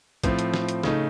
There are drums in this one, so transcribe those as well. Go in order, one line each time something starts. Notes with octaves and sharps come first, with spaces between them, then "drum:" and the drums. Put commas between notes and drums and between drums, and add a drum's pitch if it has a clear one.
A2 F3 C4, drum: kick, hi-hat
drum: hi-hat
drum: snare
drum: hi-hat
C#3 A3 D#4, drum: snare